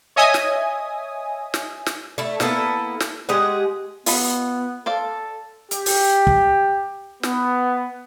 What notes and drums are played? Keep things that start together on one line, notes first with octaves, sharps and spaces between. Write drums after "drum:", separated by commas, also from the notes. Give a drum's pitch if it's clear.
C#5 D#5 E5 G#5 D#6
drum: snare
drum: snare
drum: snare
A3 E4
A#3 B3 E4 A4, drum: snare
drum: snare
G#3 G4 G#4 F#5
B3 F4 D#5 B5, drum: open hi-hat
A4 C5 D5 F5
G4, drum: hi-hat
drum: open hi-hat
drum: kick
B3, drum: snare